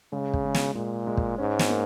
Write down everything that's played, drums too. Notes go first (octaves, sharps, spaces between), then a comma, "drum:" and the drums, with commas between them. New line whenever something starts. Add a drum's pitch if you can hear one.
C#3 G#3
drum: kick
G#3
drum: snare
A#2 G#3
G#3
drum: kick
G#2 C#4
drum: snare
A#3